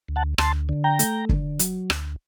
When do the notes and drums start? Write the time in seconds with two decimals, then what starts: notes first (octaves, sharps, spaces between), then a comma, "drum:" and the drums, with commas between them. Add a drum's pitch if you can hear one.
0.08 D2
0.16 F#5 A5
0.38 D2 A5 C6, drum: rim click
0.69 D3
0.84 G5 A#5
0.99 A3, drum: hi-hat
1.29 D3, drum: kick
1.59 F#3, drum: hi-hat
1.90 D2, drum: rim click